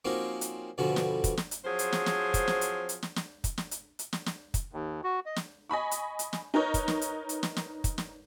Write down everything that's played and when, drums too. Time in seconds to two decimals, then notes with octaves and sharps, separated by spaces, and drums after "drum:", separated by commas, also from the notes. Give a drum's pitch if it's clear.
0.05 F3 A#3 C4 C#4 D#4 F#4
0.41 drum: hi-hat
0.78 G2 B2 D3 F3 F#4 G#5
0.96 drum: snare
1.24 drum: kick, hi-hat
1.37 drum: snare
1.51 drum: hi-hat
1.65 F3 F#3 C4 G#4 C5
1.79 drum: hi-hat
1.93 drum: snare
2.06 drum: snare
2.34 drum: kick, hi-hat
2.48 drum: snare
2.61 drum: hi-hat
2.89 drum: hi-hat
3.03 drum: snare
3.16 drum: snare
3.44 drum: kick, hi-hat
3.58 drum: snare
3.71 drum: hi-hat
3.99 drum: hi-hat
4.13 drum: snare
4.26 drum: snare
4.54 drum: kick, hi-hat
4.73 D#2
5.04 F#4
5.26 D#5
5.36 drum: snare
5.70 D#5 G#5 B5 C#6
5.91 drum: hi-hat
6.19 drum: hi-hat
6.33 drum: snare
6.54 D#4 A#4 B4 C#5 D#5
6.74 drum: kick, hi-hat
6.88 drum: snare
7.01 drum: hi-hat
7.29 drum: hi-hat
7.43 drum: snare
7.57 drum: snare
7.84 drum: kick, hi-hat
7.98 drum: snare